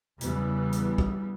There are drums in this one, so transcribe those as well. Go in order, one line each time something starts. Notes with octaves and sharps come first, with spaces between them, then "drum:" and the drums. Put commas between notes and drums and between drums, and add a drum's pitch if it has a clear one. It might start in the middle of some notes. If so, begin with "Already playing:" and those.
E2 C#3 E3 G3 B3, drum: hi-hat
drum: hi-hat
drum: kick